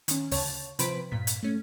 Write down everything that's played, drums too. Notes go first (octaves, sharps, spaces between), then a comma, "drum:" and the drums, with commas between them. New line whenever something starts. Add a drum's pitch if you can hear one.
D#3 C#4, drum: hi-hat
D2 C#3 C#5 A5, drum: open hi-hat
C3 F3 B4 C5 B6 D7, drum: hi-hat
G2 A#2 B6
drum: hi-hat
A3 C#4